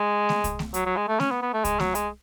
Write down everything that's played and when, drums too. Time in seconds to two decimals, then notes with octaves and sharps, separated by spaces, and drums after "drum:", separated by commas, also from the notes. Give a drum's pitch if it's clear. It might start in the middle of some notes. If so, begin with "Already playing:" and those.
Already playing: G#3
0.29 drum: snare A3
0.44 drum: kick C2, hi-hat
0.59 drum: snare A3
0.74 F#3, drum: hi-hat
0.86 F#3
0.97 G#3
1.08 A3
1.20 C#4, drum: snare A3
1.31 B3
1.42 B3
1.53 A3
1.65 G#3, drum: kick C2, hi-hat
1.80 F#3, drum: snare A3
1.95 G#3, drum: hi-hat